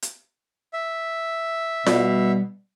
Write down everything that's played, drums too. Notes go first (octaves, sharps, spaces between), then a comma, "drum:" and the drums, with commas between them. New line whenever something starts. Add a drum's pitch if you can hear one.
drum: hi-hat
E5
B2 G3, drum: snare F4